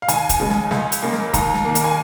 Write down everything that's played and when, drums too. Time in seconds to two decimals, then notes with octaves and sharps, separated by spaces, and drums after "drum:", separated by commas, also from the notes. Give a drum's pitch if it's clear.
0.02 F5
0.08 D#2 G#5, drum: hi-hat
0.29 drum: kick, hi-hat
0.40 C#3 G#3
0.50 drum: snare
0.71 C#2, drum: snare
0.92 drum: hi-hat
1.03 C#3 A#3
1.13 drum: snare
1.34 D#2 A#5, drum: kick, hi-hat
1.54 drum: snare
1.65 D#3 A#3
1.75 drum: hi-hat
1.84 G#5